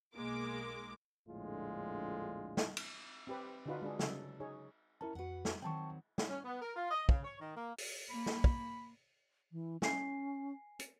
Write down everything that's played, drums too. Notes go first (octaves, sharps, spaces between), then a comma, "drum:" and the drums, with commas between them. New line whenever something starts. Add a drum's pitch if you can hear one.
B1 G#3 A#3 D6
A#1 F2 A2 D3 G#3 F4
drum: snare
drum: cymbal
C4 G4 B4
D3 D4 D#4 F4 F#4 B4
G#3 D4 G#4
C#3 F#3 A4, drum: snare
D#4 G#4 C#5
C#4 E4 A#4 A5
F2 F#4 B4 F#5
drum: snare
D#3 F#3 C4 G5 A5 C#6
drum: snare
C#4
B3
A#4
F4
D#5
C#3, drum: kick
C#5
D#3
A#3
drum: open hi-hat
A#3 B5
drum: snare
drum: kick
E3
C#4 G#5 C7, drum: snare
drum: hi-hat